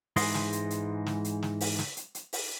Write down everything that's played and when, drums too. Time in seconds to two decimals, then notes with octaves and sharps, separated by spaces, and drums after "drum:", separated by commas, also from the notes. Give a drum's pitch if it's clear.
0.16 G#2 E3 G#3 D#5 C6, drum: open hi-hat
0.34 drum: snare
0.52 drum: hi-hat
0.70 drum: hi-hat
1.06 drum: snare
1.25 drum: hi-hat
1.43 drum: snare
1.61 drum: open hi-hat
1.79 drum: snare
1.97 drum: hi-hat
2.15 drum: hi-hat
2.33 drum: open hi-hat